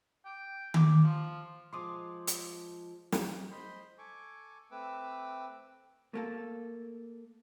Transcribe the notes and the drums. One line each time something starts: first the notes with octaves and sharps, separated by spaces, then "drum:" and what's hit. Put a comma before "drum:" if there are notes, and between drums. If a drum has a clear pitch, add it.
G5
G4, drum: tom D#3
F3
F3 G#3 C6 D6 D#6
drum: hi-hat
drum: snare
C5 D#5 B5 C6
A4 G#5 C#6 D6
A3 C4 B4 D6 E6
A3 A#3 A4